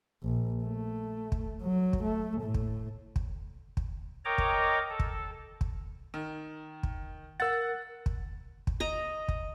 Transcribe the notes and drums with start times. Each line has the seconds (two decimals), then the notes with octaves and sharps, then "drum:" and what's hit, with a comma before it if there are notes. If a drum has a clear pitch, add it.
0.23 A#1
0.64 A3
1.32 drum: kick
1.62 F#3
1.93 drum: kick
2.03 A3
2.41 A2
2.54 drum: kick
3.16 drum: kick
3.77 drum: kick
4.25 A#4 C#5 D#5 G5 A#5 D6
4.38 drum: kick
4.90 A4
4.99 drum: kick
5.61 drum: kick
6.14 D#3
6.83 drum: kick
7.40 A#4 F#5 E6 A6
8.06 drum: kick
8.67 drum: kick
8.80 D#5 A#5
9.28 drum: kick